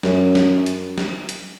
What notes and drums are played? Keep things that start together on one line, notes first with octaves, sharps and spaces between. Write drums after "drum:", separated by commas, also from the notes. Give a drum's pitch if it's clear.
F#2, drum: snare
drum: snare
drum: hi-hat
drum: snare
drum: hi-hat